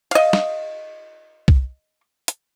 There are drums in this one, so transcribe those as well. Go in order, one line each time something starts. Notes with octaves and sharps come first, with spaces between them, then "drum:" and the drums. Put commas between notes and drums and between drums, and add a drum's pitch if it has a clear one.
D#5 F5, drum: cymbal
drum: snare
drum: kick
drum: hi-hat